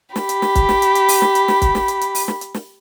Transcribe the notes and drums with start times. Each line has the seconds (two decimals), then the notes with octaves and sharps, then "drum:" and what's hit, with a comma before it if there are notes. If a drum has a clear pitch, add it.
0.16 G4 B5, drum: snare
0.29 drum: hi-hat
0.42 drum: snare
0.55 drum: kick, hi-hat
0.69 drum: snare
0.82 drum: hi-hat
0.95 drum: hi-hat
1.08 drum: open hi-hat
1.22 drum: snare
1.35 drum: hi-hat
1.48 drum: snare
1.62 drum: kick, hi-hat
1.75 drum: snare
1.88 drum: hi-hat
2.01 drum: hi-hat
2.15 drum: open hi-hat
2.28 drum: snare
2.41 drum: hi-hat
2.54 drum: snare